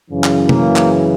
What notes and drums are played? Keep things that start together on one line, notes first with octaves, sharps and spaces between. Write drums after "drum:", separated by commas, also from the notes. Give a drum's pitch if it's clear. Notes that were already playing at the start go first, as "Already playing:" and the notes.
F#2 C#3 E3
drum: clap
A#3, drum: tom
drum: clap